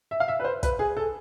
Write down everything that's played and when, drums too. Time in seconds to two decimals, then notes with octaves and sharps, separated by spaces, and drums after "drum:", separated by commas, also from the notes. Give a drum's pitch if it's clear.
0.11 E5
0.20 F5
0.28 E5
0.40 B4
0.44 C5
0.63 B4, drum: kick, hi-hat
0.79 G#4
0.97 A4